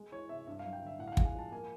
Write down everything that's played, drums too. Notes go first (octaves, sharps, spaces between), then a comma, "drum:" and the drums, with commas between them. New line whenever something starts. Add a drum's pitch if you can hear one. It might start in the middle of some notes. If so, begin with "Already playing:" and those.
Already playing: G#3
E3 C#5
C3 E5
G2 E5
F5
F#3
G5
D3 E5
A2 F#5
F5
F#5
G#3, drum: kick
G#5
F3 A5
A#3 G#5